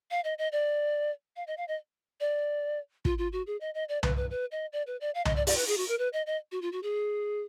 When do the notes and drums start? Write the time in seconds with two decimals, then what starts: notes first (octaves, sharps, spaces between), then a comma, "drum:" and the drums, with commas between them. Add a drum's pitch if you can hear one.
0.11 F5
0.24 D#5
0.38 D#5
0.52 D5
1.36 F5
1.47 D#5
1.57 F5
1.68 D#5
2.20 D5
3.05 F4, drum: kick
3.18 F4
3.33 F#4
3.47 G#4
3.61 D#5
3.74 D#5
3.89 D5
4.03 B4, drum: tom C2
4.16 B4
4.31 B4
4.52 D#5
4.73 D5
4.87 B4
5.01 D5
5.15 F5
5.25 D#5, drum: tom C2
5.36 D5
5.47 D5, drum: open hi-hat
5.57 B4
5.68 G#4
5.77 F#4
5.88 A#4
5.99 B4
6.13 D#5
6.26 D#5
6.52 F#4
6.62 F4
6.72 F#4
6.83 G#4